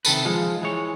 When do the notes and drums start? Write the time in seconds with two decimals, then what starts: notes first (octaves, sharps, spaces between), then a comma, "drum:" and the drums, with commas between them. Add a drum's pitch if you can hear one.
0.05 C3 D#3 A4 B4, drum: tambourine
0.25 F3 G#3 F4
0.61 E3 G#3 C#5